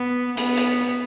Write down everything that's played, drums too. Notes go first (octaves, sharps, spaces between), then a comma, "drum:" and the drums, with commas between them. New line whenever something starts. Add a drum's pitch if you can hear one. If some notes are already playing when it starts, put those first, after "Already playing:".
Already playing: B3
B3, drum: hi-hat
drum: hi-hat